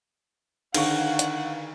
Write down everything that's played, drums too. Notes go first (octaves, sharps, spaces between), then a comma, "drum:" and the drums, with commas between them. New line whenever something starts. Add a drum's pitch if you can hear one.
D3 D#3 F5 F#5 C#6, drum: cymbal
drum: hi-hat